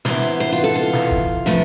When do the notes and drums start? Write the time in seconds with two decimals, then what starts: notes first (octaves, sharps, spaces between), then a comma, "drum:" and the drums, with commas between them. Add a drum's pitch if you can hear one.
0.05 C3 E3 B3 C5, drum: snare
0.40 C5
0.52 F4
0.64 A4
0.75 F4
0.93 drum: snare
1.11 drum: kick
1.46 C3 F3 A3 B4